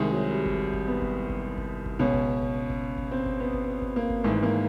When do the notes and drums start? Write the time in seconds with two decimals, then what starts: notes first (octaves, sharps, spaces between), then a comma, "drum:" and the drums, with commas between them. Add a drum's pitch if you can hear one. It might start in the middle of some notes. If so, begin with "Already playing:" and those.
Already playing: C2 C3 D#3 G#3
0.13 F#3
0.32 G3
0.46 drum: kick G1
0.74 drum: kick G1
0.87 B3
1.02 drum: kick G1
1.30 drum: kick G1
1.58 drum: kick G1
1.86 drum: kick G1
1.99 C#2 B2 C#4
2.14 drum: kick G1
2.42 drum: kick G1
2.70 drum: kick G1
2.98 drum: kick G1
3.12 C4
3.26 drum: kick G1
3.40 B3
3.54 drum: kick G1
3.82 drum: kick G1
3.96 A#3
4.10 drum: kick G1
4.24 G#1 G#2 E3 A3
4.43 A#3